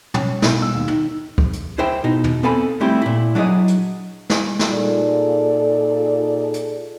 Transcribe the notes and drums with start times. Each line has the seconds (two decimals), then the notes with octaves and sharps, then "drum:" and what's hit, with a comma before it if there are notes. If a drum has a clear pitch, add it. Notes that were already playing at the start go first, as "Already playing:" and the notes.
0.14 C#4, drum: tom
0.42 B1, drum: snare
0.62 E6
0.74 D#2
0.88 D#3, drum: tom
1.38 drum: kick
1.53 drum: hi-hat
1.78 E4 G#4 C5 E5 G5
2.04 B2 D#4
2.24 drum: tom
2.43 B3 C4 A4 F5 G#5 B5
2.81 G3 A3 C4 E4 G4
3.02 A#2 E4
3.35 F#3 D4 E4 G#4 D#5
3.68 drum: hi-hat
4.30 drum: snare
4.59 drum: snare
4.69 A#2 D#4 F4 G#4 A4 D5
6.54 drum: hi-hat